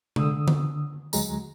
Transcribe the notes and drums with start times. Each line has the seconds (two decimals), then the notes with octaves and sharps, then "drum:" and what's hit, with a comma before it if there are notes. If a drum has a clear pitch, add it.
0.16 D3 D#6 E6, drum: tom C3
0.48 drum: tom D3
1.13 D2 F#3 G#3 A#5, drum: tambourine